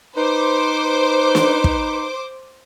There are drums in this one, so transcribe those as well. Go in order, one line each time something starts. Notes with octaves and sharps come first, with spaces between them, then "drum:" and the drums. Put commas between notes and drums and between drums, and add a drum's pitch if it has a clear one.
D#4 B4 C5 D6
drum: snare
drum: kick